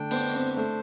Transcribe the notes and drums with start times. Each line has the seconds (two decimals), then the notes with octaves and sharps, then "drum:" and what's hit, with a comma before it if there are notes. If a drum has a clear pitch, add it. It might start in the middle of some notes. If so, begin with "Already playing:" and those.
Already playing: D3 A3 D4 G5
0.11 B3 C5, drum: cymbal
0.34 C4
0.57 A3 C5